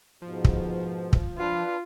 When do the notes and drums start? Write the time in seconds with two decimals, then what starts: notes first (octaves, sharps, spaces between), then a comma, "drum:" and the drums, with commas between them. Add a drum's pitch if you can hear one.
0.22 F2 G#2 B2 F3
0.44 drum: kick
1.13 drum: kick
1.38 D4 F4 B4